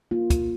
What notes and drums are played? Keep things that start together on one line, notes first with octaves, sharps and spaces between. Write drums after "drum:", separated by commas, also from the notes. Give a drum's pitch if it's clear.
A#3 F4
drum: kick, hi-hat